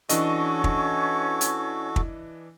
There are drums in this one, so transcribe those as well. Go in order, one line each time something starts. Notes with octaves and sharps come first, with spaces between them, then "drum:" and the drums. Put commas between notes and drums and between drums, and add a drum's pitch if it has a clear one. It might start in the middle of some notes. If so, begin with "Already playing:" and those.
E3 C#4 D4 F#4 A4 D#5 C#6, drum: hi-hat
drum: kick
drum: hi-hat
drum: kick